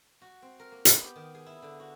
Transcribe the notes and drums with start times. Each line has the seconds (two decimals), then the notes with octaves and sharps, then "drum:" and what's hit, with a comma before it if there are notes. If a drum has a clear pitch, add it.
0.22 F#4
0.42 C4
0.59 A#4
0.72 A#3
0.85 B3, drum: hi-hat
1.02 G4
1.16 D#3
1.35 G#4
1.46 E4
1.62 D3
1.80 F#4